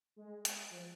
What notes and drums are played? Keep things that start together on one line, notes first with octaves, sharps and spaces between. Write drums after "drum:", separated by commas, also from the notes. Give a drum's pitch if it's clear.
G#3
drum: hi-hat
F3